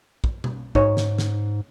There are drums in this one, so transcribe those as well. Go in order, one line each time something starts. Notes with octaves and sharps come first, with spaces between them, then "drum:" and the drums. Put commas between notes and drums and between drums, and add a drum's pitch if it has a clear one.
drum: kick
drum: tom B2
G#2 D#4 C#5, drum: kick
drum: snare
drum: snare